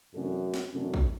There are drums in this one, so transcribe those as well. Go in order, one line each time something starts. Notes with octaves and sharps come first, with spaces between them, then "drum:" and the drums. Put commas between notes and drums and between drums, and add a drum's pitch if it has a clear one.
F#2 C3 E3 A3 D4 A4
drum: snare
F#2 C3 E3 A3 D4 A4
drum: kick